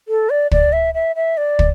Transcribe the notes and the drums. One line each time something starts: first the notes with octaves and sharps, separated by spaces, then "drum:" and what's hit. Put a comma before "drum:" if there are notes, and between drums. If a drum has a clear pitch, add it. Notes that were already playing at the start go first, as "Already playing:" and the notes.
A4
D5
D5, drum: kick
E5
E5
E5
D5
drum: kick